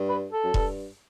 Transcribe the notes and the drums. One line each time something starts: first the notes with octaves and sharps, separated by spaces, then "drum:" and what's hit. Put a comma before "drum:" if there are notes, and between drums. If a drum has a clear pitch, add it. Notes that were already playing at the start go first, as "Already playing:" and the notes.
Already playing: G2
B4
A4
F#2
G2, drum: kick E1